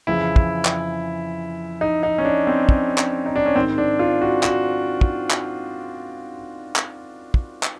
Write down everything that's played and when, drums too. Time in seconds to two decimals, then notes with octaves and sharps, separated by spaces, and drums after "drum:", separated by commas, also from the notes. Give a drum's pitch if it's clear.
0.07 F2 C#3 E3 E4
0.36 drum: kick
0.65 drum: clap
1.81 D#4
2.03 D#4
2.18 C#4
2.25 D4
2.47 C4
2.69 drum: kick
2.98 drum: clap
3.26 D#4
3.36 D4
3.46 C#4
3.56 G#2 D#3 C4
3.78 D4
3.99 F4
4.21 F#4
4.43 F#4, drum: clap
5.01 drum: kick
5.30 drum: clap
6.76 drum: clap
7.34 drum: kick
7.63 drum: clap